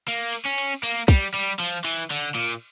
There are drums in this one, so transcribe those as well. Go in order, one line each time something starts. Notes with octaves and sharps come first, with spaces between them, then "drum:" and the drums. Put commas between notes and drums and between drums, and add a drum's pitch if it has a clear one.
A#3, drum: cymbal
drum: cymbal
C#4
drum: cymbal
A#3, drum: cymbal
G3, drum: kick, cymbal
G3, drum: cymbal
F3, drum: cymbal
E3, drum: cymbal
D3, drum: cymbal
A#2, drum: cymbal